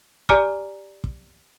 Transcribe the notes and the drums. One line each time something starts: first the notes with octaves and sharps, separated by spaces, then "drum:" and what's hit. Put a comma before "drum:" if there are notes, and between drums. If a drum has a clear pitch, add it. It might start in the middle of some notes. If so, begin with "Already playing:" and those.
G4 D5 G#5 A#5 D6 F6, drum: kick
drum: kick